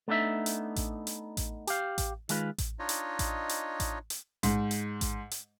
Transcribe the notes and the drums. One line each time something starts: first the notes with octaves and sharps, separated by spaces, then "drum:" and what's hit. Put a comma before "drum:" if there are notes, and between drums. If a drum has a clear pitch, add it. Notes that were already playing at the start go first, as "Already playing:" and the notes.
A3 B3 D4 D#4 E5
drum: hi-hat
drum: kick A1, hi-hat
drum: hi-hat
drum: kick A1, hi-hat
G4 F5, drum: hi-hat
drum: kick A1, hi-hat
D#3 G#3 F4 B4, drum: hi-hat
drum: kick A1, hi-hat
D4 D#4 F4 C#5 D#5
drum: hi-hat
drum: kick A1, hi-hat
drum: hi-hat
drum: kick A1, hi-hat
drum: hi-hat
G#2, drum: kick A1, hi-hat
drum: hi-hat
drum: kick A1, hi-hat
drum: hi-hat